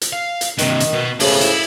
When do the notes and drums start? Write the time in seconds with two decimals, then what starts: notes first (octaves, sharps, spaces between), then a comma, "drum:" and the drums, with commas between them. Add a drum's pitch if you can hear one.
0.01 drum: hi-hat
0.13 F5
0.41 drum: hi-hat
0.58 G2 C3 D#3, drum: hi-hat
0.80 drum: hi-hat
0.94 B2 B3
1.20 E2 G#2 C#3 A3 B5, drum: open hi-hat
1.41 E4, drum: hi-hat